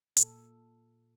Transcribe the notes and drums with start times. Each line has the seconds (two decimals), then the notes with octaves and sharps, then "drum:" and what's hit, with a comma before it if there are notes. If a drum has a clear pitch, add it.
0.17 A#2 A4, drum: hi-hat